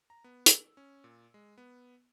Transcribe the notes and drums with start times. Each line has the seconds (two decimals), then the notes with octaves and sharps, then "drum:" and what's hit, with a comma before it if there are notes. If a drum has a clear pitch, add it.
0.10 A#5
0.24 B3
0.46 E6, drum: hi-hat
0.77 C#4
1.04 A#2
1.34 G#3
1.58 B3